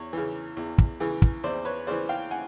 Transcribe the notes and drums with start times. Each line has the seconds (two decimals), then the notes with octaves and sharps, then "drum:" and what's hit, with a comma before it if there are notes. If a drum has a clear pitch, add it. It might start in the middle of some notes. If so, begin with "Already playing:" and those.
Already playing: E2 C#5
0.13 C#3 E3
0.57 E2
0.78 drum: kick
1.00 C#3 E3
1.22 drum: kick
1.44 E2 C5 D5
1.65 B4 C#5
1.87 C#3 E3 C5 D5
2.09 F5 G5
2.31 F#5 G#5